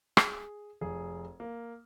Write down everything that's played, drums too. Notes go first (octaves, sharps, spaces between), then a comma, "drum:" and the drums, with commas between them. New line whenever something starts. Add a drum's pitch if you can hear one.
G#4, drum: rim click
F1 G#4
A#3